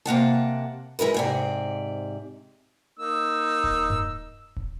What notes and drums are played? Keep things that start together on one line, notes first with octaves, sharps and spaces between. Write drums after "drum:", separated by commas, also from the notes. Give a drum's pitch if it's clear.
C3 A#3 F#5 A5
G#3 E4 A#4 B4, drum: hi-hat
G#2 C3 D5
A#3 D#4 E6
drum: kick D#1
drum: tom F#2
drum: kick D#1